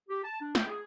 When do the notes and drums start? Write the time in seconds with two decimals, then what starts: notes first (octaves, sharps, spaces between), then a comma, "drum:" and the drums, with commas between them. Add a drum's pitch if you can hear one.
0.09 G4
0.24 A5
0.41 D4
0.55 G5, drum: snare
0.67 G#4